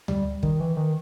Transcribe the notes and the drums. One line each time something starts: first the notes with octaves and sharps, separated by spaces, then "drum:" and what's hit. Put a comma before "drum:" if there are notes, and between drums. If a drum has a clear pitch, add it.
G3, drum: tom D2
D#3, drum: kick
E3
D#3